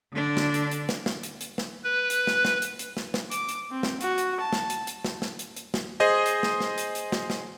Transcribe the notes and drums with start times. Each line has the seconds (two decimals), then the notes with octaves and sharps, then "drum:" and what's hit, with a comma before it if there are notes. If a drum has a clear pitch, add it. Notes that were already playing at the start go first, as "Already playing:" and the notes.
0.13 D3 D4
0.37 drum: snare
0.54 drum: hi-hat
0.71 drum: hi-hat
0.89 drum: snare
1.06 drum: snare
1.23 drum: hi-hat
1.41 drum: hi-hat
1.58 drum: snare
1.84 B4
2.10 drum: hi-hat
2.27 drum: snare
2.45 drum: snare
2.62 drum: hi-hat
2.79 drum: hi-hat
2.97 drum: snare
3.14 drum: snare
3.31 D6, drum: hi-hat
3.49 drum: hi-hat
3.72 C4
3.83 drum: snare
4.01 F#4, drum: hi-hat
4.18 drum: hi-hat
4.40 A5
4.53 drum: snare
4.70 drum: hi-hat
4.87 drum: hi-hat
5.05 drum: snare
5.22 drum: snare
5.39 drum: hi-hat
5.56 drum: hi-hat
5.74 drum: snare
6.00 G#4 C5 D#5 G#5
6.26 drum: hi-hat
6.43 drum: snare
6.60 drum: snare
6.78 drum: hi-hat
6.95 drum: hi-hat
7.12 drum: snare
7.30 drum: snare